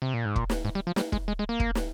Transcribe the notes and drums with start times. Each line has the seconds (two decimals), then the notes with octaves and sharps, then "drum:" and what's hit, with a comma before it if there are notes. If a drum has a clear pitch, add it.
0.02 C3
0.14 A#2
0.25 G#2
0.36 A#2, drum: kick
0.50 drum: snare
0.65 G#2
0.75 G3
0.87 F3
0.96 G3, drum: snare
1.12 G#3, drum: kick
1.28 G#3
1.39 G#3
1.49 A#3
1.60 drum: kick
1.75 drum: snare